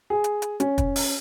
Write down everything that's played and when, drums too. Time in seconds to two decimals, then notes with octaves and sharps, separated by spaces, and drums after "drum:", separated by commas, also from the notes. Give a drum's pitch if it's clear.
0.10 G#4
0.24 drum: hi-hat
0.42 drum: hi-hat
0.60 C#4, drum: hi-hat
0.78 drum: kick, hi-hat
0.96 drum: open hi-hat